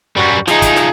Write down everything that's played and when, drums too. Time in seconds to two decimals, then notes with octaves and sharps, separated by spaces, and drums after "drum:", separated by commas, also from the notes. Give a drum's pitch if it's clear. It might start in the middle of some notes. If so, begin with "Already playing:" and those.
0.17 F#2 G3 F#4
0.48 F3 D#4 G#4, drum: snare
0.62 drum: kick, hi-hat
0.76 drum: snare